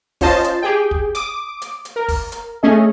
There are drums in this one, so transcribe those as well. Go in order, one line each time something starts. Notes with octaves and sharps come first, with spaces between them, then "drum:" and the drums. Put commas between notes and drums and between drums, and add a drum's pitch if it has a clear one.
C#4 F4 C5 D#5 A5, drum: kick, open hi-hat
drum: hi-hat
G4 G#4 G5
drum: kick
D6 D#6, drum: hi-hat
drum: hi-hat
drum: hi-hat
A#4
drum: kick, open hi-hat
drum: hi-hat
A3 C#4 G#4 D#5